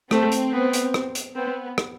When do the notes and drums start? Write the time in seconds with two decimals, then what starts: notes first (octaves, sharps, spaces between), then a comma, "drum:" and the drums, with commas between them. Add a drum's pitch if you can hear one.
0.11 A3 C4, drum: rim click
0.32 drum: hi-hat
0.52 B3
0.73 drum: hi-hat
0.94 drum: rim click
1.15 drum: hi-hat
1.36 B3 C4
1.78 drum: rim click